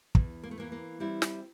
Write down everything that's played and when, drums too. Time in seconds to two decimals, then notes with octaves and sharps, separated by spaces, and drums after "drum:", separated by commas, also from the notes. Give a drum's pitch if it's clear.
0.15 E2, drum: kick
0.43 A#3
0.51 A3
0.58 E3 A#3
0.72 A#3
1.00 G3 C4 E4
1.22 drum: snare